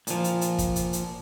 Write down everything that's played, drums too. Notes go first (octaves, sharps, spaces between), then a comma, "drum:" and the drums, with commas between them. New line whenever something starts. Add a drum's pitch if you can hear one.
A#2 F3, drum: hi-hat
drum: hi-hat
drum: hi-hat
drum: kick, hi-hat
drum: hi-hat
drum: hi-hat